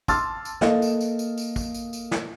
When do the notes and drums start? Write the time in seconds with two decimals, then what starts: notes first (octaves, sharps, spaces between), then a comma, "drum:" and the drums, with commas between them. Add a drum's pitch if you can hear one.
0.08 A5 C6 D6 E6 F6 A6, drum: kick, tambourine
0.45 drum: tambourine
0.61 A#3 A4 D#5 F5, drum: snare
0.82 drum: tambourine
1.01 drum: tambourine
1.19 drum: tambourine
1.38 drum: tambourine
1.56 drum: kick, tambourine
1.74 drum: tambourine
1.93 drum: tambourine
2.11 drum: snare